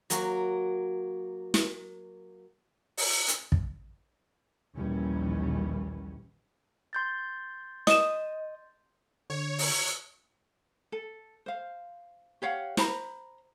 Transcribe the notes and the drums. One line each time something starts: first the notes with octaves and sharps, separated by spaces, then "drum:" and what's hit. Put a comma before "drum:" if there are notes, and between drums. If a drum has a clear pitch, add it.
F#3 A#3 F#4, drum: hi-hat
drum: snare
drum: open hi-hat
drum: hi-hat
drum: kick
A#1 D#2 E3 G3 C#4
C6 G6 A6
D#5 D#6 E7, drum: snare
D3 C#5
drum: open hi-hat
A4
C5 F5
G4 C#5 F5 F#5
C5 A#5 B5, drum: snare